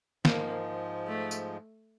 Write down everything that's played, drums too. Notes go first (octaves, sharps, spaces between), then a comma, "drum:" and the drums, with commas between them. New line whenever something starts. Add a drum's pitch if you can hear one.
G#2 F3 G#3 A#3, drum: snare
A3
drum: tambourine